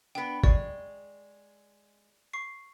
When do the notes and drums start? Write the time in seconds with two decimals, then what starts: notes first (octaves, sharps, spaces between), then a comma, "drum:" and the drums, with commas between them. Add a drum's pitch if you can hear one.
0.15 B3 D4 G5
0.44 G#3 D5 C#6, drum: kick
2.33 C#6 C7